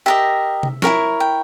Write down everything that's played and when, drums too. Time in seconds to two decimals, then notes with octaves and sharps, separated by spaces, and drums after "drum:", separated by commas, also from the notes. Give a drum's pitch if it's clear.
0.06 G4 A#4 D#5 E5
0.63 drum: tom C3
0.82 E4 G4 A#4 C#5, drum: snare
1.20 G5